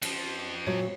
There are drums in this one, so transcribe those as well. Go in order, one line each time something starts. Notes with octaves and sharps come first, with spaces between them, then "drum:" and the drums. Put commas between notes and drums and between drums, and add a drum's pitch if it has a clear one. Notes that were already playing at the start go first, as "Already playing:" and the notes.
F2 F3, drum: cymbal
A#2 F#3 C#5